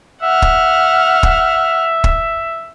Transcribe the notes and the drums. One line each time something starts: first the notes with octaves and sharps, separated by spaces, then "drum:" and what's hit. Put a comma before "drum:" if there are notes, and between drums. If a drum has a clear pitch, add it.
E5 F#5 F6
drum: kick
drum: kick
drum: kick